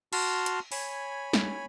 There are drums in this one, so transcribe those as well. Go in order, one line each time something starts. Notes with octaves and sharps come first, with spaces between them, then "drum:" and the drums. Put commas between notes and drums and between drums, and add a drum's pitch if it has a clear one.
F#4 A5 C6 F6, drum: cymbal
drum: hi-hat
C#5 G#5 B5, drum: open hi-hat
drum: snare